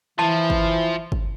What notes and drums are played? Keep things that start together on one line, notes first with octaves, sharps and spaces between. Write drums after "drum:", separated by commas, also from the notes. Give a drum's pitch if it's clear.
E3 F3 E4 A5
drum: kick
drum: kick